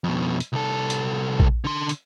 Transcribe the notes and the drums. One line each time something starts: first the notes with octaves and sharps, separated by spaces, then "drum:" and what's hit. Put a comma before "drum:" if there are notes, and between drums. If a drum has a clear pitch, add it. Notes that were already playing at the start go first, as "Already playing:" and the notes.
F2 B2
drum: hi-hat
C2 A4
drum: hi-hat
drum: kick A#1
D3 C6
drum: hi-hat